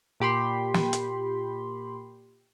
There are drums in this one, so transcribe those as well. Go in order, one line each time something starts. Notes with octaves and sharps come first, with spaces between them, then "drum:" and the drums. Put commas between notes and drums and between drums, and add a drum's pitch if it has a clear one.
A#2 G4 B5 C6
drum: snare
drum: hi-hat